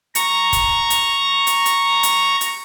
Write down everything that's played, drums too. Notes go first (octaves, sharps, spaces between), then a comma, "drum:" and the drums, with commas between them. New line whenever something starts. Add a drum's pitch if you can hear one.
A#5 C#6, drum: hi-hat
drum: kick, hi-hat
drum: hi-hat
drum: hi-hat
drum: hi-hat
drum: hi-hat
drum: hi-hat